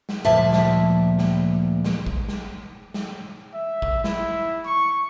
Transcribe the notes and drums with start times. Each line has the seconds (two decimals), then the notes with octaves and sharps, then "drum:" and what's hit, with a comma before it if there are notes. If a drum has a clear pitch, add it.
0.09 drum: snare
0.25 D2 A#2 F3 D5 E5 A5
0.53 drum: snare
1.19 drum: snare
1.85 drum: snare
2.06 drum: kick
2.28 drum: snare
2.94 drum: snare
3.54 E5
3.82 drum: kick
4.04 E4, drum: snare
4.65 C#6